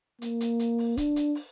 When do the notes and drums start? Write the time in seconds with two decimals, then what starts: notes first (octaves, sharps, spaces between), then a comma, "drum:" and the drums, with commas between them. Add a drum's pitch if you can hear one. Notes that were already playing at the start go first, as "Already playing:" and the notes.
0.22 A#3, drum: hi-hat
0.41 drum: hi-hat
0.59 drum: hi-hat
0.78 drum: open hi-hat
0.97 D4, drum: kick C#1, hi-hat
1.16 drum: hi-hat
1.35 drum: open hi-hat